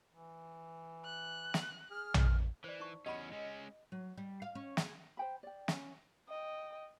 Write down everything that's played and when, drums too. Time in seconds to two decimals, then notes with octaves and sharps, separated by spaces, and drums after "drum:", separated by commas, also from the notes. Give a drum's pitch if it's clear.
0.13 E3
1.05 F#6
1.54 drum: snare
1.90 G#4 F6
2.14 drum: tom A#1
2.64 E3 C5 D5
2.80 D#4 C#6
3.06 E2 C#4 G4 D#5 F#5 B5
3.32 G#3 C#4
3.92 F#3
4.17 G3
4.42 F5
4.55 C#4
4.77 G#4, drum: snare
5.17 C5 G5 B5
5.43 D5 G5
5.68 C#4, drum: snare
6.28 D#5 G5